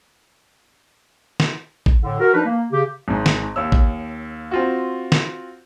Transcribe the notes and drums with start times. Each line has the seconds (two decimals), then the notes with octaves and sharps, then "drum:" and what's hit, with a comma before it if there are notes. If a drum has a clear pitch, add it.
1.40 drum: snare
1.86 drum: kick A1
2.02 A2 D3
2.20 F#4 A#4
2.33 F3 D4 D#4 B4
2.45 A#3
2.72 C#3 G4
3.08 G#1 G#2
3.26 drum: snare
3.56 D#2 C#5 E6
3.72 drum: kick A1
4.51 C4 F4 F#4
5.12 drum: snare